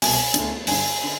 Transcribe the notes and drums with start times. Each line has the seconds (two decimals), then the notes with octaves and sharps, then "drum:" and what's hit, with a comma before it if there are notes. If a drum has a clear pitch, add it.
0.02 C2 B2 G#5, drum: open hi-hat
0.34 D2 D3, drum: hi-hat
0.67 G2 D3 G#5, drum: open hi-hat
1.04 D3